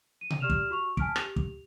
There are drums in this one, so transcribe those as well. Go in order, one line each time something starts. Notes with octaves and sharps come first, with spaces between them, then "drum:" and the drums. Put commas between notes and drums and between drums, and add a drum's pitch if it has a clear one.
D#7
drum: tom B2
G4 D5 F6 E7 F7
drum: kick
F#4 C#6 F7
G#5 A5 F6 B6 D7, drum: kick
G4 F7, drum: rim click
drum: kick